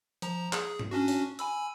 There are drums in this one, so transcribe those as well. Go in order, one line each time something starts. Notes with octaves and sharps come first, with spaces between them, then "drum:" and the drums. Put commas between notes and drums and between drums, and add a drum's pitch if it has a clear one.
F3 A#5, drum: hi-hat
G#4, drum: clap
drum: tom G#2
C#4 D4 F#4
drum: open hi-hat
G#5 B5 E6, drum: hi-hat